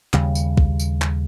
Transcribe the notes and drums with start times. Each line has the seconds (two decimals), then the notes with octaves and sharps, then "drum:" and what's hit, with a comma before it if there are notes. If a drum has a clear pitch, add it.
0.13 D#2 C#3 G3, drum: clap
0.35 drum: tambourine
0.57 drum: kick
0.79 drum: tambourine
1.02 drum: clap